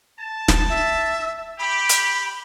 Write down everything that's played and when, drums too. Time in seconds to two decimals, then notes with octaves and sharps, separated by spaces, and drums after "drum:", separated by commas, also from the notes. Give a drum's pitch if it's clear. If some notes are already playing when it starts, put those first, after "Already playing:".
0.19 A5
0.48 drum: snare
0.70 E5
1.59 G4 B5
1.89 drum: hi-hat